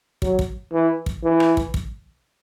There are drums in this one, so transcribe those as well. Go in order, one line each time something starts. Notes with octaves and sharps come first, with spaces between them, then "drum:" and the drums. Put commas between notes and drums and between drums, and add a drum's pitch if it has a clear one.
F#3, drum: kick
drum: kick
E3
drum: kick
E3
drum: rim click
drum: kick
drum: kick